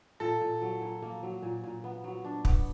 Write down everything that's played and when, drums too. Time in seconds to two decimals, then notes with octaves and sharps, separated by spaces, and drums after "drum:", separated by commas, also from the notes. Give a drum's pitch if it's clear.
0.20 A#2 A4
0.41 A#2
0.62 F#3
0.81 A#2
1.02 A#3
1.23 F#3
1.42 A#2
1.64 A#2
1.84 B3
2.04 F#3
2.25 D4
2.45 B3, drum: kick